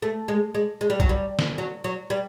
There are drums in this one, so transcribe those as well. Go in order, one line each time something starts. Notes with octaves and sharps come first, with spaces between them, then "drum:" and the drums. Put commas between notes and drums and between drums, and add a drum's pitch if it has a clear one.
A3
G#3
G#3
G#3
G3
F#3, drum: kick
G3
drum: snare
F#3
F#3
G3